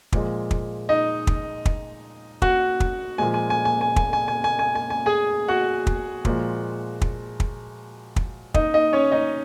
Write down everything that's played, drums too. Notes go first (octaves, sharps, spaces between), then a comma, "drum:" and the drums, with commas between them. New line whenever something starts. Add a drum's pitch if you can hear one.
A#2 F3 G#3, drum: kick
drum: kick
D#4 D#5
drum: kick
drum: kick
F#4 F#5, drum: kick
drum: kick
A#2 F3 G#3 G#5
G#5
G#5
G#5
G#5
G#5, drum: kick
G#5
G#5
G#5
G#5
G#5
G#5
G#4 G#5
F#4 F#5
drum: kick
A#2 F3 G#3, drum: kick
drum: kick
drum: kick
drum: kick
D#4 D#5, drum: kick
D#4 D#5
C#4 C#5
D#4 D#5